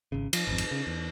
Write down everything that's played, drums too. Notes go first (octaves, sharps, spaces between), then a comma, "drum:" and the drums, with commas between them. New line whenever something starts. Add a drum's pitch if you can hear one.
G#1 C#3
F3, drum: cymbal
G#1 F2
drum: cymbal
C#3
E2